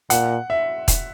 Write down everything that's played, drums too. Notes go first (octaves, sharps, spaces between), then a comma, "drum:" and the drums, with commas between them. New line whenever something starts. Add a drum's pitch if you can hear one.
A#2 F#5, drum: hi-hat
E5
drum: kick E1, hi-hat